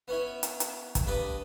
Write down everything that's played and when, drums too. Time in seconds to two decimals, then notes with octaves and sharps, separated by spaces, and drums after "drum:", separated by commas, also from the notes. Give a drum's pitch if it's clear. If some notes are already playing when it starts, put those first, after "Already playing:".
0.08 B3 C#4 E4
0.43 drum: hi-hat
0.60 drum: hi-hat
0.95 drum: kick, hi-hat
1.06 G2 B4 D5 D#6